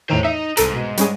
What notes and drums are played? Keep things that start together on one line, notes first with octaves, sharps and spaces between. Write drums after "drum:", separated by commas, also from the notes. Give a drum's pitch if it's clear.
E2 A2 D#3 C5 A#5
D#4 E5
C2 G#2 A4 A#5, drum: hi-hat
B2
G3 C#4 G#4, drum: hi-hat